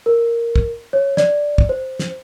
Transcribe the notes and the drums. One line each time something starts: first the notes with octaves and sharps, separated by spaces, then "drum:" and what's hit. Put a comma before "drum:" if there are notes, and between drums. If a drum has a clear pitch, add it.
A#4
drum: kick
C#5
D5, drum: snare
drum: kick
C5
drum: snare